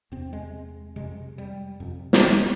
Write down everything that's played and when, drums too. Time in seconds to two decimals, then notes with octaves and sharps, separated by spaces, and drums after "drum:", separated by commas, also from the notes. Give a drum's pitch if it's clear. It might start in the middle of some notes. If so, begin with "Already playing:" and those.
0.12 E2 C3 C4
0.33 G#3
0.96 F2 C3 G#3
1.38 G3
1.80 F2 C3
2.13 C4, drum: snare
2.22 A#3